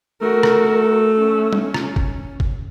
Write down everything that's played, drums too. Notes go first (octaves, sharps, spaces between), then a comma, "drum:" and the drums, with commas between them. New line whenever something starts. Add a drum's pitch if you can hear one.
A3 F#4 A#4
drum: rim click
C#4
drum: tom G3
drum: rim click
drum: kick G1
drum: kick G1